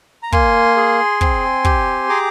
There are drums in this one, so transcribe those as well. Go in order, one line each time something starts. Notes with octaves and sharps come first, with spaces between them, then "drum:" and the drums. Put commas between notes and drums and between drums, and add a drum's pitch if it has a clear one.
A#5
A#3 G#5 C6, drum: kick
G#4
C4, drum: kick
G4, drum: kick
G#4 A#5 D6